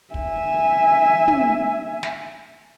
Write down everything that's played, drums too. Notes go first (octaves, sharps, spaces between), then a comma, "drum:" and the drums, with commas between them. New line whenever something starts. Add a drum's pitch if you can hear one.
E5 G#5, drum: kick
drum: tom
drum: snare